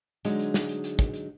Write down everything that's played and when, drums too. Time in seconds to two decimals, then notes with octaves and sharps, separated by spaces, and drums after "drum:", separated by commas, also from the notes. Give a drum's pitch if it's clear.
0.25 D3 F#3 G#3 D#4, drum: hi-hat
0.39 drum: hi-hat
0.54 drum: snare
0.69 drum: hi-hat
0.84 drum: hi-hat
0.99 drum: kick, hi-hat
1.14 drum: hi-hat